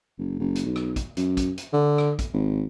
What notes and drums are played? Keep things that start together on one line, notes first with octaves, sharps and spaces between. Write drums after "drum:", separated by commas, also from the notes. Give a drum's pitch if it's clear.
F#1
F#1
drum: hi-hat
B1
drum: rim click
drum: kick, hi-hat
F#2, drum: hi-hat
drum: kick, hi-hat
drum: hi-hat
D3
drum: rim click
drum: kick, hi-hat
G#1